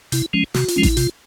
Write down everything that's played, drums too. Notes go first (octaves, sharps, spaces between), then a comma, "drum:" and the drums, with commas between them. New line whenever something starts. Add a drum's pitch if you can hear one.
C3 E4, drum: hi-hat
F3 G#3 C#4
C3 F#4, drum: snare
F4, drum: hi-hat
F3 G#3 C#4
E4, drum: kick A1, hi-hat
C3 F4, drum: hi-hat